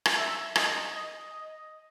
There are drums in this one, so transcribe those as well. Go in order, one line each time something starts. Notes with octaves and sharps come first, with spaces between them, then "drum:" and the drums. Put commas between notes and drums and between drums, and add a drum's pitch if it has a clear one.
drum: rim click
E5
D#5, drum: rim click
D#5
D#5